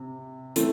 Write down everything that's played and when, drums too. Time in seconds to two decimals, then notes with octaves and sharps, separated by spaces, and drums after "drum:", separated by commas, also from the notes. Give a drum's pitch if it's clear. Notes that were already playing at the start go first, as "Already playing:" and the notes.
Already playing: C3
0.56 E3 A3 C4, drum: hi-hat